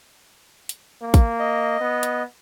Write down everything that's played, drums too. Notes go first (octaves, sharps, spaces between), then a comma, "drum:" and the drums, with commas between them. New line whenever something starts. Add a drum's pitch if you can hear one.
drum: hi-hat
A#3
drum: kick, hi-hat
D#5
B3
drum: hi-hat